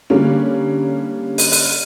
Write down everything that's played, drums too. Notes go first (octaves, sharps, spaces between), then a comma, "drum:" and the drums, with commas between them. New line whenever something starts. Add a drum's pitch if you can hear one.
D3 G3 A#3 C#4
drum: open hi-hat
drum: open hi-hat